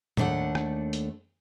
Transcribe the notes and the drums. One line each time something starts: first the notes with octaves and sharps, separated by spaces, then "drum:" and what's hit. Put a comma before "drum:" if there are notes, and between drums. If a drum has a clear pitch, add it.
D#2 A3 D4 A4 F#5, drum: tom A2
drum: rim click
drum: hi-hat